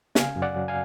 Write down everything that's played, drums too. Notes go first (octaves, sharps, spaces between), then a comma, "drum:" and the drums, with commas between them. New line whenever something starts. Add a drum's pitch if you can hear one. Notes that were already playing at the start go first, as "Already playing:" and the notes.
C#3 F5 G#5, drum: snare
F#2
D5 F#5
F#3
F5 G#5